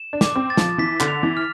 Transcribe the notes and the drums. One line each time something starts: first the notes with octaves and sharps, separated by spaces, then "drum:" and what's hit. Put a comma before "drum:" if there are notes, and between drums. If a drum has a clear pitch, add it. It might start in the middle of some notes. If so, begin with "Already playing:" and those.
Already playing: E7
D4
D6, drum: snare
C4
A6
F3, drum: snare
E3 B6
D3, drum: clap
F7
E3
F6